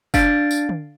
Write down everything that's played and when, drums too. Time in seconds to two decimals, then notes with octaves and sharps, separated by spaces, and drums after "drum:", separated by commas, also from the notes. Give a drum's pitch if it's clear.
0.14 D4 F5 A6 D7, drum: kick, tambourine
0.51 drum: tambourine
0.69 drum: tom